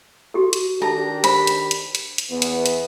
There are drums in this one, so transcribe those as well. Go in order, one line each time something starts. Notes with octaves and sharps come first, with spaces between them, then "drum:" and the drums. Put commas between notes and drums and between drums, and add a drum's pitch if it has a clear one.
F#4 G4 A4
drum: hi-hat
D#3 D4 G4 A4 A5 A#5
C5 B5, drum: hi-hat
drum: hi-hat
drum: hi-hat
drum: hi-hat
drum: hi-hat
E2 B3
drum: hi-hat
drum: hi-hat